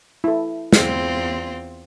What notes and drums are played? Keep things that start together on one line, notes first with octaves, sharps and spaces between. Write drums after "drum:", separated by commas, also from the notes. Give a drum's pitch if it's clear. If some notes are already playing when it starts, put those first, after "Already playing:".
E4 A4
E2 C4 F4, drum: snare